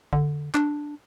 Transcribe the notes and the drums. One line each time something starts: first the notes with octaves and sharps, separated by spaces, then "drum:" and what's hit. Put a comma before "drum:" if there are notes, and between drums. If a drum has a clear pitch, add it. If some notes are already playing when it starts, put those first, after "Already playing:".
D3, drum: kick
D4, drum: clap